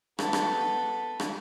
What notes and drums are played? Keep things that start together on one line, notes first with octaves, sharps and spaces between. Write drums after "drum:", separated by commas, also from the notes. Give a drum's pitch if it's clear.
B3 A4, drum: rim click
drum: rim click
drum: rim click